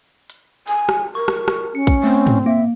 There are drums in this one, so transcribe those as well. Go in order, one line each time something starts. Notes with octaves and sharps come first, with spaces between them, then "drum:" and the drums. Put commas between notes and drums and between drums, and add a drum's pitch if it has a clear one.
drum: hi-hat
G#5, drum: hi-hat
drum: rim click
A#4 C#6
drum: rim click
drum: rim click
C#4 C#7
drum: kick, hi-hat
A3 C4
drum: tom G#2
A#3 E5